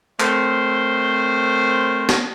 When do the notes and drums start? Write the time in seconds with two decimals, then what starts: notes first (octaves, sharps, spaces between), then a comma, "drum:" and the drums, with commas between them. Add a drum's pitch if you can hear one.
0.20 A3 C4 A#4 C5 C#5, drum: clap
2.09 drum: snare